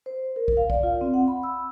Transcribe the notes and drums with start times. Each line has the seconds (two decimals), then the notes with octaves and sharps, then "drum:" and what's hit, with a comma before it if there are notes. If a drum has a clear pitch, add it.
0.06 C5
0.36 A#4
0.48 drum: kick
0.57 F5
0.70 D5, drum: kick
0.83 F4
1.01 C4
1.14 F#5
1.28 B5
1.43 E6